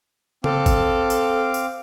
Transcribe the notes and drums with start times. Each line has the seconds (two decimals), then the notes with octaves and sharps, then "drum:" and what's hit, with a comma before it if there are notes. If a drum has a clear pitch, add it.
0.44 C4 A4 F5 D6, drum: tom C#3
0.66 drum: kick, tambourine
1.10 drum: tambourine
1.54 drum: tambourine